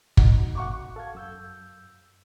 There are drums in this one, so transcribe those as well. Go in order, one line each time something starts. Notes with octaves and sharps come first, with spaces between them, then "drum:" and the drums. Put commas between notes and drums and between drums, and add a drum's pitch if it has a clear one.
D#4 F#4, drum: kick
F#5 C#6 D6
A4 F5 G#6
F#2 E6 G6